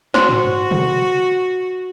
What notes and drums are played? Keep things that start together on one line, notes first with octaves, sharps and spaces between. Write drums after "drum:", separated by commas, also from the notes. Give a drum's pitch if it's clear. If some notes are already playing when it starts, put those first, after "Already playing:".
F#4 C5 C6, drum: snare
drum: tom
drum: tom